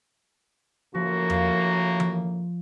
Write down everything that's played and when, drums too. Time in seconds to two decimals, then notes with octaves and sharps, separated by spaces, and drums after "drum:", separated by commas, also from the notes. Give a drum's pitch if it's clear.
0.95 A2 C#3 F3 A#3 F#4
1.30 drum: tom E2
2.00 drum: tom E3